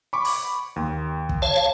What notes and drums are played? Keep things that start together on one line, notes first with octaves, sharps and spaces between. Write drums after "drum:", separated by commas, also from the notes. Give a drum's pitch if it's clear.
B5 C#6 D6
drum: open hi-hat
D#2
drum: kick
C#5 F5 A5